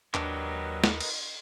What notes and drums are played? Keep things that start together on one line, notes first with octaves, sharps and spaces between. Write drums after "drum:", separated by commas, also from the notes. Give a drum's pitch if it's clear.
D#2 F#3 D4 G4 A#4 B4 D#5, drum: clap
drum: snare
drum: cymbal